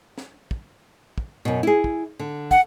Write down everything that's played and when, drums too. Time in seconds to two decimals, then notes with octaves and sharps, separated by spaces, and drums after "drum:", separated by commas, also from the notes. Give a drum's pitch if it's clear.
0.18 drum: snare
0.51 drum: kick
1.18 drum: kick
1.45 F#2 B2
1.63 E4 G#4
1.84 drum: kick
2.19 D3
2.51 F#5, drum: kick